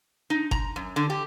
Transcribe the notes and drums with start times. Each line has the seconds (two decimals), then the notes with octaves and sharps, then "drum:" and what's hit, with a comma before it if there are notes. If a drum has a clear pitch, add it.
0.30 D#4
0.51 A#5, drum: kick G1
0.76 F#2
0.96 D3
1.10 G4